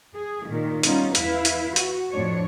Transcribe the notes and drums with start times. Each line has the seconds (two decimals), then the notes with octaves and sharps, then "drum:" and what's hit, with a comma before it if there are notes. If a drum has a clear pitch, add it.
0.14 G#4
0.47 A#2 D#3
0.83 G3 B3 C#4 D#4 F4, drum: hi-hat
1.15 E2 E4 B4 F5, drum: hi-hat
1.45 drum: hi-hat
1.76 F#4, drum: hi-hat
2.12 F2 A2 D4 C#5